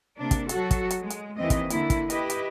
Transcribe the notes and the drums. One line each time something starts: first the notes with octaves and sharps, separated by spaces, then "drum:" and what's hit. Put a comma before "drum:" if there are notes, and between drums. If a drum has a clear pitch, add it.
C3 A#3 D4
drum: kick, hi-hat
F#3 F#4 A4, drum: hi-hat
drum: kick, hi-hat
drum: hi-hat
G#3
drum: hi-hat
D#2 E3 C4 E4 D#5
drum: kick, hi-hat
D3 A#3 E4, drum: hi-hat
drum: kick, hi-hat
E4 G4 B4 D#5, drum: hi-hat
drum: hi-hat